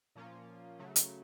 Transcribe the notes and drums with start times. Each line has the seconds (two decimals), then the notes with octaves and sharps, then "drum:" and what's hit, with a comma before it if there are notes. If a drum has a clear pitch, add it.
0.16 A#2 F3 A#3 C#4 F4
0.79 C#3 F#3 A3
0.96 drum: hi-hat